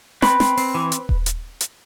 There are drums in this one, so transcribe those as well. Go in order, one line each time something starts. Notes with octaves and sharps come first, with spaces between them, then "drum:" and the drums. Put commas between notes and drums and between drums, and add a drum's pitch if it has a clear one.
C4 B4 B5, drum: snare
C4, drum: snare
C4, drum: open hi-hat
E3
drum: hi-hat
drum: kick D#1
drum: hi-hat
drum: hi-hat